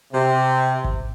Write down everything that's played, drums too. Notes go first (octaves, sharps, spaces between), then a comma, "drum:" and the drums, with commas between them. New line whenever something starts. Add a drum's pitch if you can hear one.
C3
drum: kick G#1